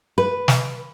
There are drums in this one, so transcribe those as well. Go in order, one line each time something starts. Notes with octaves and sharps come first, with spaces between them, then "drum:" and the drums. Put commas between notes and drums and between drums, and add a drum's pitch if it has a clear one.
B4
drum: snare